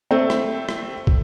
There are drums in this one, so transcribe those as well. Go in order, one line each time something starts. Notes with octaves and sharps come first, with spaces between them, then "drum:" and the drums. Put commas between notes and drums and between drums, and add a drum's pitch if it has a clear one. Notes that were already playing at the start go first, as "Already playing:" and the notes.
A3 C4
drum: rim click
drum: rim click
drum: kick